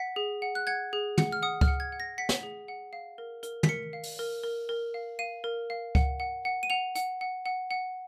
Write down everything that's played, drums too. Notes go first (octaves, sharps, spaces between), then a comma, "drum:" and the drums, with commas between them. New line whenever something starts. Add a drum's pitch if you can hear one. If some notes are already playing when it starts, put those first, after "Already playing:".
Already playing: F#5 B6
G#4
F#5
F#6
F#5 G#6
G#4
F#5, drum: tom
F6
F#5 D#6
F6, drum: kick C#2
F#5
G#6
F#5
A#6
F#5 B6
drum: snare
G#4
F#5
F5
A#4
A#4, drum: hi-hat
B6, drum: tom
A#4 C#7
F5
drum: open hi-hat
A#4
A#4
A#4
F5
F5 D#7
A#4
F5
F#5, drum: kick C#2
F#5
F#5
D#7
F#5 F7
F#5, drum: hi-hat
F#5
F#5
F#5